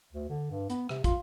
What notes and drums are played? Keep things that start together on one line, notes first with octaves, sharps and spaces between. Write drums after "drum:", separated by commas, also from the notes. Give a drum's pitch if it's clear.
D2
D3
G2
B3, drum: hi-hat
C3, drum: rim click
F4, drum: kick, hi-hat